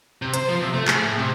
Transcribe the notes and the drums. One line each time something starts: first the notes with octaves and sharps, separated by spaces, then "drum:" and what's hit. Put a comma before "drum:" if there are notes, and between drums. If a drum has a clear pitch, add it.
C3
C5, drum: hi-hat
F3
C3
A3
G#4, drum: clap
A2
C3